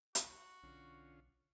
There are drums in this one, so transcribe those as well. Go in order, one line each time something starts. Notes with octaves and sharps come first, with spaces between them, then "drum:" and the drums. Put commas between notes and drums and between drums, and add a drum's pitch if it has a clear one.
F#4, drum: hi-hat
B1 D3 C#4 F4